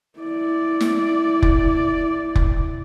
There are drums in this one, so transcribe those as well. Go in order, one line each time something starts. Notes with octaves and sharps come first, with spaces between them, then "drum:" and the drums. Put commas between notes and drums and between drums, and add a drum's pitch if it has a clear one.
E4 D5
drum: snare
drum: kick F1
drum: kick F1